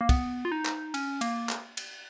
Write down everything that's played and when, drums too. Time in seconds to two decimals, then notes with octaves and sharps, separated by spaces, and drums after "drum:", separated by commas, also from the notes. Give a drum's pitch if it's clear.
0.01 A#3
0.09 B3, drum: kick, cymbal
0.45 F4
0.52 D#4
0.65 drum: clap
0.94 C#4, drum: cymbal
1.21 A#3, drum: cymbal
1.49 drum: clap
1.77 drum: cymbal